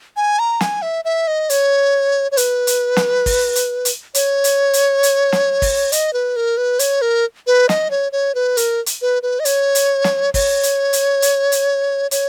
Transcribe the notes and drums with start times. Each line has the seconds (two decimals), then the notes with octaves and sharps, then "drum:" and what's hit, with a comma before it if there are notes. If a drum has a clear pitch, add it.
0.16 G#5
0.39 A#5
0.61 G#5, drum: snare
0.82 E5
1.05 E5
1.28 D#5
1.50 C#5, drum: hi-hat
2.32 C#5
2.37 B4, drum: hi-hat
2.67 drum: hi-hat
2.96 drum: snare
3.26 drum: kick, open hi-hat
3.55 drum: hi-hat
3.85 drum: hi-hat
4.15 C#5, drum: hi-hat
4.44 drum: hi-hat
4.73 drum: hi-hat
5.03 drum: hi-hat
5.32 drum: snare
5.62 drum: kick, open hi-hat
5.92 D#5, drum: hi-hat
6.13 B4
6.36 A#4
6.57 B4
6.79 C#5, drum: hi-hat
7.02 A#4
7.47 B4
7.69 D#5, drum: snare
7.91 C#5
8.12 C#5
8.35 B4
8.57 A#4, drum: hi-hat
8.86 drum: hi-hat
9.02 B4
9.23 B4
9.40 D#5
9.45 C#5, drum: hi-hat
9.75 drum: hi-hat
10.04 drum: snare
10.34 C#5, drum: kick, open hi-hat
10.63 drum: hi-hat
10.93 drum: hi-hat
11.22 drum: hi-hat
11.52 drum: hi-hat
12.11 C#5, drum: hi-hat